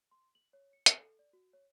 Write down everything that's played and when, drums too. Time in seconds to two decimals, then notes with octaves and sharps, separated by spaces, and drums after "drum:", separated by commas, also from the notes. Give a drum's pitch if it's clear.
0.11 C6
0.35 F#7
0.53 C#5
0.73 C#7
0.86 G#5, drum: hi-hat
0.99 A4
1.19 D5
1.33 F#4
1.53 C#5